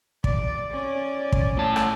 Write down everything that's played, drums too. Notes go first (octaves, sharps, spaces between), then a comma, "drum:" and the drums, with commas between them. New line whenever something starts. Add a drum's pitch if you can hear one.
D5, drum: kick
C#4 D5
drum: kick
A2 A5
drum: rim click